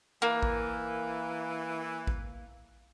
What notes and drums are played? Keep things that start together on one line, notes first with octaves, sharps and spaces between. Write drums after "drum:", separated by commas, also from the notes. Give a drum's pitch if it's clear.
E3 A#3
drum: kick A1
drum: kick A1